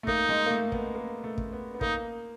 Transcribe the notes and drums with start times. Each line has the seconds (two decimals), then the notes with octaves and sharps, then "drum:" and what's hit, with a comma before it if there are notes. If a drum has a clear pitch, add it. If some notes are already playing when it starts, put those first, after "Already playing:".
0.03 A3
0.07 A#3 D#4, drum: kick
0.29 G#3
0.46 A#3
0.51 A3
0.72 B3, drum: kick
0.95 A#3
1.24 A3
1.38 drum: kick
1.53 B3
1.74 B3
1.81 A#3 D#4, drum: kick